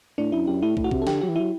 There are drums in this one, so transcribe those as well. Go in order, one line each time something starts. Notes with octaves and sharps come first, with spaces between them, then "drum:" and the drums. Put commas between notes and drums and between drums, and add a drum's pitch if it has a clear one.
A2 D4
F#2 E4
F#2 G4
A2 E4
A2, drum: kick
F#4
C3, drum: kick
A4
D3 G4, drum: snare
F#3 G4
E3
F#3 E4